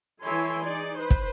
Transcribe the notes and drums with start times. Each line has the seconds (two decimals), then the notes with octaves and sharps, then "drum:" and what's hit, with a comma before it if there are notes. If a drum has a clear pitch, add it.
0.21 E3 E4 A4 C#5 G#5 C6
0.62 D#4 G#4 D5
0.98 B4 C5
1.10 drum: kick